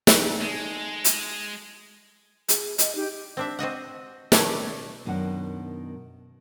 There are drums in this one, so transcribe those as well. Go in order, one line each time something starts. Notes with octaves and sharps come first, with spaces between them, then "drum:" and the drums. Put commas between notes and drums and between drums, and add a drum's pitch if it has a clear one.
D#4 G#4 A4, drum: snare
G#3
drum: hi-hat
G#4, drum: hi-hat
D#5, drum: hi-hat
D#4 G4
C4 D4 E5
C4 F#4 D#5 F#5
B2 D#3 G3 A3 C#4, drum: snare
F#2 B2 D#3 D4 F#5